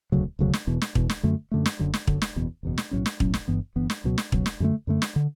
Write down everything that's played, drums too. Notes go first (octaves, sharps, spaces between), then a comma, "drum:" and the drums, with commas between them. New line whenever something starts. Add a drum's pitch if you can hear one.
E1 D2 C#3 F#3
E1 D2 C#3 F#3
drum: snare
E1 E2 B2
drum: snare
E1 E2 B2, drum: kick
drum: snare
F#2 D3 A3
F#2 D3 A3
drum: snare
F#1 F#2 D3 F#3
drum: snare
F#1 F#2 D3 F#3, drum: kick
drum: snare
F#1 E2 B2
F#1 E2 B2
drum: snare
B1 A2 F#3 C#4
drum: snare
B1 A2 F#3 C#4, drum: kick
drum: snare
G1 G2 E3 B3
G1 G2 E3 B3
drum: snare
C#2 B2 F#3
drum: snare
C#2 B2 F#3, drum: kick
drum: snare
F#2 D3 A3
F#2 D3 A3
drum: snare
D3